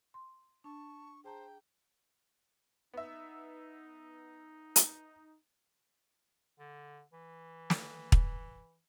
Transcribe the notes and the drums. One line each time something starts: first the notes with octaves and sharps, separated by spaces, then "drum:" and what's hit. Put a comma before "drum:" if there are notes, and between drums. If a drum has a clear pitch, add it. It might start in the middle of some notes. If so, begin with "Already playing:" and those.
C6
D4 A5 C#6
G#4 C5 G5 A5 A#5
B3 D#4 E5
drum: hi-hat
D3
E3
drum: snare
drum: kick